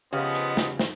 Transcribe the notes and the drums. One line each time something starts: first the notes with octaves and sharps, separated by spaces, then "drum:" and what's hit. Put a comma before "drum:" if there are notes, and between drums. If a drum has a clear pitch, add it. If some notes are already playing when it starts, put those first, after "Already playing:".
C#3 F3 B3 C#4 G4 D#5 D#6
drum: hi-hat
drum: snare
drum: snare